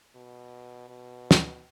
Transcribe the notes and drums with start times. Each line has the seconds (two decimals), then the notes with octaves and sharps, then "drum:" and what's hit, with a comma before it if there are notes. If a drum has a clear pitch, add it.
0.16 B2
0.89 B2
1.31 drum: snare